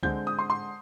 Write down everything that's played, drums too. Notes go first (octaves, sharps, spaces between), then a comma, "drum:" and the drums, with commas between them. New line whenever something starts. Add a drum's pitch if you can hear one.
D3 G#3 C4 G6, drum: kick C#2
D#6
C6
C6